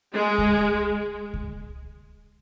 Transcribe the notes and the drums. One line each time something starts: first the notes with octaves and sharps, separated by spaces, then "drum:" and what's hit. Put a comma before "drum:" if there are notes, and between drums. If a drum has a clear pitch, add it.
G#3
drum: kick C#2
drum: kick C#2